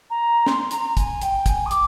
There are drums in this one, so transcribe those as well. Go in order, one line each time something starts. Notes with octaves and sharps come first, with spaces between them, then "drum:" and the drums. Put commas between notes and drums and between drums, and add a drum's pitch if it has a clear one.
A#5
C6, drum: snare
A#5, drum: hi-hat
G#5, drum: kick, hi-hat
G5, drum: hi-hat
G#5, drum: kick, hi-hat
D#6
D6, drum: hi-hat